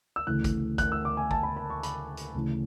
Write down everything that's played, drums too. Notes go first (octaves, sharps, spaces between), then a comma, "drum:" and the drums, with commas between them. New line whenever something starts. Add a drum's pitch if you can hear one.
E6
D2 C#3 E3 F#6
drum: kick, hi-hat
F#6, drum: kick, hi-hat
E6
D6
G#5
A5, drum: kick
B5
B5
C#6
B5, drum: hi-hat
drum: hi-hat
D2 C#3 E3